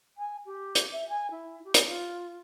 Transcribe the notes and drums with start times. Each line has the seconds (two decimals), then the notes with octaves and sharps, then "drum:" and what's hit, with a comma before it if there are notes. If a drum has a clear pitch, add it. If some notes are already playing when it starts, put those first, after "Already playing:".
0.17 G#5
0.46 G4
0.75 drum: hi-hat
0.92 E5
1.08 G#5
1.30 E4
1.64 G4
1.74 drum: hi-hat
1.87 F4